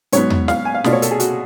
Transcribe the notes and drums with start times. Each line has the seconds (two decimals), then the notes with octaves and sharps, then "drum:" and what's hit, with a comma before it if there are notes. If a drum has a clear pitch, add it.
0.12 G#2 F#3 B3 C#5, drum: hi-hat
0.30 drum: tom E2
0.48 F5, drum: snare
0.65 G#5
0.74 F5
0.84 B2 A3 F4 D5, drum: snare
0.93 C#5
1.02 A4, drum: hi-hat
1.11 G#4
1.20 F#4, drum: hi-hat